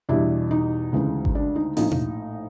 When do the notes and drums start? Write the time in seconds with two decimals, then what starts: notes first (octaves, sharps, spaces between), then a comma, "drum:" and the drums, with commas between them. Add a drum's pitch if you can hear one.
0.09 E2 B2 G3 D4 E4
0.51 D#4
0.92 D2 C#3 E3 G#3
1.25 drum: kick G#1
1.35 D4
1.56 D#4
1.77 A#1 A2 F3 A3 D#4, drum: open hi-hat
1.91 drum: tom B2